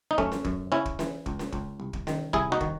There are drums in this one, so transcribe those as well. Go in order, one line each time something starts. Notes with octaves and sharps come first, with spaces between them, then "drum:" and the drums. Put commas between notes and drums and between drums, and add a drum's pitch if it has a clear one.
D#4
F#2 A3 C#4, drum: kick
drum: snare C#4
F#2, drum: kick
C#3 C#4 E4
drum: kick
E3, drum: snare C#4
C#2, drum: kick
drum: snare C#4
C#2, drum: kick
C2
drum: kick
D#3, drum: snare C#4
C2 E4 G#4, drum: kick
D#4 F#4
D#3, drum: kick